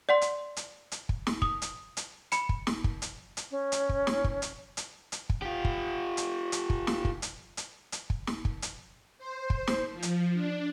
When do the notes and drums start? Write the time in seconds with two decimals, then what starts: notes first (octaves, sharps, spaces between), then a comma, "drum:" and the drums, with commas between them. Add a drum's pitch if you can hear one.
0.09 D5 F#5 C6
0.22 drum: hi-hat
0.57 drum: hi-hat
0.92 drum: hi-hat
1.09 drum: kick
1.27 drum: snare
1.42 D#6, drum: kick
1.62 drum: hi-hat
1.97 drum: hi-hat
2.32 B5 C#7, drum: hi-hat
2.49 drum: kick
2.67 drum: snare
2.84 drum: kick
3.02 drum: hi-hat
3.37 drum: hi-hat
3.51 C#4
3.72 drum: hi-hat
3.89 drum: kick
4.07 drum: snare
4.24 drum: kick
4.42 drum: hi-hat
4.77 drum: hi-hat
5.12 drum: hi-hat
5.30 drum: kick
5.42 F4 G4
5.65 drum: kick
6.17 drum: hi-hat
6.52 drum: hi-hat
6.70 drum: kick
6.87 drum: snare
7.05 drum: kick
7.22 drum: hi-hat
7.57 drum: hi-hat
7.92 drum: hi-hat
8.10 drum: kick
8.27 drum: snare
8.45 drum: kick
8.62 drum: hi-hat
9.18 C5
9.50 drum: kick
9.67 drum: snare
9.93 F3
10.02 drum: hi-hat
10.33 D4